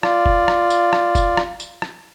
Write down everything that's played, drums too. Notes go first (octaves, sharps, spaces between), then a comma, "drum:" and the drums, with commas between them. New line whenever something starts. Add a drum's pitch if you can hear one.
F4 D5, drum: rim click
drum: kick F1
drum: rim click
drum: tambourine
drum: rim click
drum: kick F1, tambourine
drum: rim click
drum: tambourine
drum: rim click